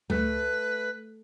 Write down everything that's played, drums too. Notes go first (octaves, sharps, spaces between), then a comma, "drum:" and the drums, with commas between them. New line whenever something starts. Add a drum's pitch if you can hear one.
A3 B4, drum: tom